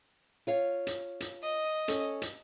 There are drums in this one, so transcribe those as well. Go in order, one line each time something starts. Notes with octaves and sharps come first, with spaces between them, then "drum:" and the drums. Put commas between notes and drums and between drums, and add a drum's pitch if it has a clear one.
F4 C#5 F5
drum: hi-hat
drum: hi-hat
D#5
C#4 A4, drum: hi-hat
drum: hi-hat